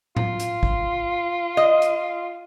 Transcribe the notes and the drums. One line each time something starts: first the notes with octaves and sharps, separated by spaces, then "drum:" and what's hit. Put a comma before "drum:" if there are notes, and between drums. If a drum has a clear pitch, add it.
F4, drum: tom A2
drum: hi-hat
drum: kick
D#5
drum: hi-hat